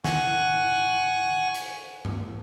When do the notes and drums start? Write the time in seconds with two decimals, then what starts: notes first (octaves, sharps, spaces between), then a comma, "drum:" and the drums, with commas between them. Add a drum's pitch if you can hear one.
0.04 F#5 G#5 C#6 F#6, drum: snare
1.54 drum: hi-hat
2.05 drum: tom G2